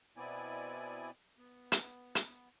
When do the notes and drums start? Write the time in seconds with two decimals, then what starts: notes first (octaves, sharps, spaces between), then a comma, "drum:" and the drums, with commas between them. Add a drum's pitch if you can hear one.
0.17 B2 B3 C4 E4 D5 G#5
1.38 B3
1.72 drum: hi-hat
2.15 drum: hi-hat